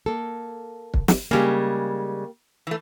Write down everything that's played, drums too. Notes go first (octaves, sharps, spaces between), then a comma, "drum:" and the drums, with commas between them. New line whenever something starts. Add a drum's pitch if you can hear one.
A#3 A4
drum: kick
drum: snare
C#3 G3 G#3 A#3 G4
E3 A3